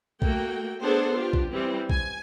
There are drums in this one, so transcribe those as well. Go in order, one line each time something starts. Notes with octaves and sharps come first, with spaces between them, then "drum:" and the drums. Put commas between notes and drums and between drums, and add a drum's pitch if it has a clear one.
A3 A#3 F#4 G5, drum: kick A#1
B3 D4 G#4 A4 C5
D4 F4 G4
drum: kick A#1
E3 G3 C4
G#5, drum: kick A#1